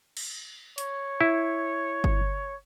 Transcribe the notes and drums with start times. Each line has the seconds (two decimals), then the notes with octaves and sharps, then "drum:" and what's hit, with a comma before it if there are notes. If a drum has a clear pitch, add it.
0.17 drum: cymbal
0.78 C#5, drum: hi-hat
1.21 E4
2.04 drum: kick G1